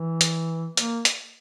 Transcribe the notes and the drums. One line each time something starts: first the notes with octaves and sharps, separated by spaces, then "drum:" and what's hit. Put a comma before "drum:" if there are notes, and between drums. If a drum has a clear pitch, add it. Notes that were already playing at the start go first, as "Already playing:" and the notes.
Already playing: E3
drum: hi-hat
A#3, drum: hi-hat
drum: hi-hat